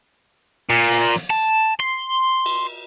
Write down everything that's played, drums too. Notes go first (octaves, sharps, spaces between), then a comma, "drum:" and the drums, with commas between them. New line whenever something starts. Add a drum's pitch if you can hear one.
A#2
drum: open hi-hat
drum: snare
A5
C6
drum: cymbal